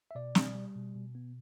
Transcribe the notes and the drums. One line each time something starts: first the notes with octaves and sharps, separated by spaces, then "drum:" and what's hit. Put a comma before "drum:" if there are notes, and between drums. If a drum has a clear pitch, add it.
E5
B2 D5
G3, drum: snare
G3
B2
B2
B3